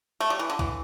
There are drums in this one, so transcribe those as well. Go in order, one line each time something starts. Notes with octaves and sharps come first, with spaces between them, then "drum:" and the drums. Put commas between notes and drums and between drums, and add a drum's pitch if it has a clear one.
A3
G3
E3
D3
E3, drum: kick B1